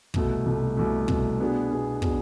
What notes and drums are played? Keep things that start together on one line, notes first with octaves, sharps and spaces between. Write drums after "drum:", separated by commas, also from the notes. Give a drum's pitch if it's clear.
C2 B2 A3, drum: kick
C2 B2 A3
C2 B2 A3
C2 B2 A3, drum: kick
B2 B3 D4 G#4
B2 B3 D4 G#4
B2 B3 D4 G#4, drum: kick